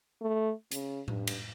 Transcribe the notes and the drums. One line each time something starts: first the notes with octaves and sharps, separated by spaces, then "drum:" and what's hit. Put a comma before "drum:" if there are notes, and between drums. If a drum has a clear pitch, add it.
A3
C#3, drum: hi-hat
G2, drum: tom A2
drum: cymbal